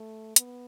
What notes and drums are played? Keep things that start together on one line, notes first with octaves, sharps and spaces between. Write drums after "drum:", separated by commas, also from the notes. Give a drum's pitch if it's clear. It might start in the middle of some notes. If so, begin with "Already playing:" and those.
Already playing: A3
B3, drum: hi-hat